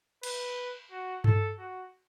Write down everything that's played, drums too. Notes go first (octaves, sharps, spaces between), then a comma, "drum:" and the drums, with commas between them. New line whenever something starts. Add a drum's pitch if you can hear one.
B4, drum: cymbal
F#4
A4, drum: tom G2
F#4